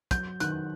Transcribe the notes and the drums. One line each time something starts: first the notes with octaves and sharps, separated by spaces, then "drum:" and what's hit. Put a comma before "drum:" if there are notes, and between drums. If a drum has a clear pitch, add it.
F#3 G6, drum: kick, hi-hat
D#3 F#6, drum: hi-hat